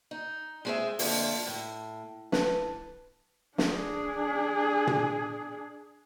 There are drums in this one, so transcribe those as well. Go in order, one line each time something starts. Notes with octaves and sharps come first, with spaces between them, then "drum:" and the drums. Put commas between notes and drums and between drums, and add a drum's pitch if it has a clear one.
D#4
G#3 C4 G#4 B4 C5 E5
F2 D3 A3 A#3 D4 F4, drum: open hi-hat
A2
E3 B4 A5, drum: snare
D4 G#4, drum: snare
drum: tom